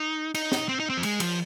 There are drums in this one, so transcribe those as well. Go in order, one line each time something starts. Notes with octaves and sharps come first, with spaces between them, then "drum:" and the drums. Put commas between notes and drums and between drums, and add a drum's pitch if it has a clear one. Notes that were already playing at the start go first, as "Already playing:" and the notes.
Already playing: D#4
D#4, drum: cymbal
drum: snare
C4
D#4
C4
F3
G#3, drum: cymbal
F3, drum: cymbal